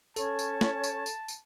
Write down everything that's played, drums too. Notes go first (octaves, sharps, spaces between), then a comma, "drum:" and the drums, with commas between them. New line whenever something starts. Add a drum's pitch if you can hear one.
C#4 A4 C#5 A5 C#6, drum: tambourine
drum: tambourine
drum: snare
drum: tambourine
drum: tambourine
drum: tambourine